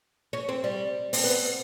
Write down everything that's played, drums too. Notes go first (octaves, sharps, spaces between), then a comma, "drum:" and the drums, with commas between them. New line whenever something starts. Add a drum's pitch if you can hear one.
C#4
C4
G3
C4, drum: open hi-hat
B3